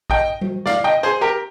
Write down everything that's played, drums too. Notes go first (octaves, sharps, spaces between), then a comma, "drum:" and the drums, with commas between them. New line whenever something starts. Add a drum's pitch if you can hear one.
D#5 G5, drum: kick
drum: tom G3
D5 F5, drum: snare
D#5 G5
G#4 C5
G4 A#4